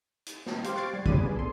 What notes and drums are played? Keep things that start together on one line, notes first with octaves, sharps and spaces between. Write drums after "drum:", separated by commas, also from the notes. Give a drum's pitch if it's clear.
drum: hi-hat
drum: snare
G4 C5 F5 C6 D6, drum: hi-hat
C#6 F#6 G#6 A6 C7 D7
G3
A1 C#3 D4 B5 D#7, drum: kick
B3 G#4
A4 C6